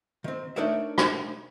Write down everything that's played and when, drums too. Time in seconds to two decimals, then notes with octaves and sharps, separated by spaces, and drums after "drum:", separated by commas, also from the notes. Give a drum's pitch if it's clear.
0.24 D#3 C4
0.56 A3 D4 D#4 A#4 C#5 E5
0.98 drum: rim click